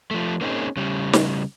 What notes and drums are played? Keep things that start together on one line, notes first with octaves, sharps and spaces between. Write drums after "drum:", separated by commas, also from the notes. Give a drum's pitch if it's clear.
F3 A3
A#3 C4 C#4 D#4 F4 G#4
C#3 G3
drum: snare